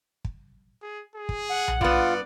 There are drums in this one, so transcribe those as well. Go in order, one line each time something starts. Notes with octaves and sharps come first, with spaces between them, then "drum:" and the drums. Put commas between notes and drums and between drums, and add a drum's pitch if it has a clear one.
drum: kick
G#4
G#4
drum: kick
F#5
drum: tom B1
G2 B3 F4 D5, drum: kick